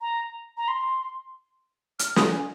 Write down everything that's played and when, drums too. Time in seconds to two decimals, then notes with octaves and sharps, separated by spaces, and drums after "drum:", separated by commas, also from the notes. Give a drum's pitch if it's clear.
0.01 A#5
0.57 A#5
0.68 C6
1.99 F6, drum: hi-hat
2.16 D#6, drum: snare
2.32 G#5